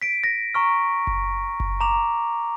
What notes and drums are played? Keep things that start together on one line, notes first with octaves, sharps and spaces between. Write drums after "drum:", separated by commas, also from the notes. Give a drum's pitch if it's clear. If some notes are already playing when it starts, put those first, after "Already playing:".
B6 D7
A#6
A#5 C#6 F6
drum: kick F#1
drum: kick F#1
A#5 D6 F7